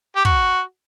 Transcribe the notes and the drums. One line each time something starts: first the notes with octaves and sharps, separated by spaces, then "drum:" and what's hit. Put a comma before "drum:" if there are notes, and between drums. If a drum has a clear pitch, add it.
G4
F#4, drum: kick